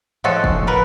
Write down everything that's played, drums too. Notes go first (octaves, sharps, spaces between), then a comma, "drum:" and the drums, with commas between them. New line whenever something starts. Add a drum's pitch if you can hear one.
A2 F3 G#3 F#4 A4
drum: kick
A#4 B4